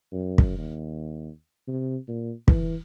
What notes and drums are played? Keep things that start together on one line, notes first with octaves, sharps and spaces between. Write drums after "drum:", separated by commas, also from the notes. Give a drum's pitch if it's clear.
F#2
drum: kick
D#2
C3
A#2
E3, drum: kick